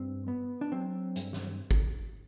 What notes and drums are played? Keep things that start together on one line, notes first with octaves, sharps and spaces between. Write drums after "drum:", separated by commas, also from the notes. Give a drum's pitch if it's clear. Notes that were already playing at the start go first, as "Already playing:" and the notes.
Already playing: G2 C4
B3
D4
F#3 C4
G2, drum: hi-hat
drum: snare
drum: kick